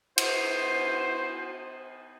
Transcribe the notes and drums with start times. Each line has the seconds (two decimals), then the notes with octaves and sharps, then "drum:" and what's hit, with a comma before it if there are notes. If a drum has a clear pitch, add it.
0.18 E4 F#4 B4 C5, drum: cymbal